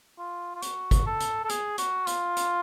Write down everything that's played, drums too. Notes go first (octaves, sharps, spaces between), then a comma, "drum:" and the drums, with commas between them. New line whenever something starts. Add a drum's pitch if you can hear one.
F4
F4
F#4, drum: hi-hat
drum: kick G1, hi-hat
A4
drum: hi-hat
A4
G#4, drum: hi-hat
F#4, drum: hi-hat
F4, drum: hi-hat
drum: hi-hat